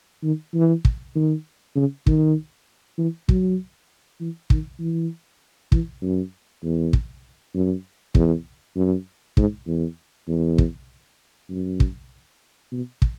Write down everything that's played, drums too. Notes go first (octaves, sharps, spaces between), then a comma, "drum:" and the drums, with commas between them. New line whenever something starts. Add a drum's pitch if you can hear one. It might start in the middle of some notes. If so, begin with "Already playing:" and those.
D#3
E3
drum: kick
D#3
C#3
D#3, drum: kick
E3
F#3, drum: kick
E3
D#3, drum: kick
E3
E3, drum: kick
F#2
E2
drum: kick
F#2
E2, drum: kick
F#2
G#2, drum: kick
E2
E2
drum: kick
F#2
drum: kick
B2
drum: kick